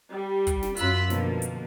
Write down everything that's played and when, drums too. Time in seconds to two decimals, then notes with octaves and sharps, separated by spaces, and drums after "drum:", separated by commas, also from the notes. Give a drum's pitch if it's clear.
0.11 G3
0.47 drum: kick, hi-hat
0.62 drum: snare
0.77 F#2 F4 B5 E6 F#6 B6, drum: hi-hat
1.10 B2 D3 F3 A#3, drum: snare
1.42 drum: hi-hat